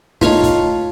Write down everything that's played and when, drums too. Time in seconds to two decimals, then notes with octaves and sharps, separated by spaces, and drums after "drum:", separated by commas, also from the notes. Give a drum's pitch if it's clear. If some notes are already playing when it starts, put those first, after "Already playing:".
0.21 A3 D#4 F4 A4 C#5 F5, drum: kick, open hi-hat
0.43 drum: kick, hi-hat